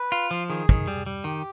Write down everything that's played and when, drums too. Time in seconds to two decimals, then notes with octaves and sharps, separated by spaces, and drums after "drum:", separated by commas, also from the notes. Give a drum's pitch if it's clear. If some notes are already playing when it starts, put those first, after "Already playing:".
Already playing: B4
0.12 F4
0.31 F3
0.49 D#3 G#4
0.69 D#3, drum: kick
0.88 G3
1.06 G3
1.24 D#3 G4